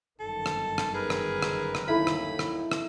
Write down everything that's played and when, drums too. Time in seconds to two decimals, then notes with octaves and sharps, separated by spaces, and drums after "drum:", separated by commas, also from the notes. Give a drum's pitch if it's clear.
0.20 G1 F#2 D#3 A4
0.46 drum: rim click
0.78 drum: rim click
0.94 G#4 A#4 B4
1.10 drum: rim click
1.42 drum: rim click
1.75 drum: rim click
1.88 D#2 D#4 E4 A4 B5
2.07 drum: rim click
2.39 drum: rim click
2.71 drum: rim click